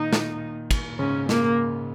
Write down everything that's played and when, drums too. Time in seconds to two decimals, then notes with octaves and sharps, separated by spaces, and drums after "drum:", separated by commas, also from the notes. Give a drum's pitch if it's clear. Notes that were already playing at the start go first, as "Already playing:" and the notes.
Already playing: A#2 D#3 D#4
0.13 drum: snare
0.71 drum: kick, cymbal
0.99 G#2 C#3 C#4
1.29 A#3, drum: snare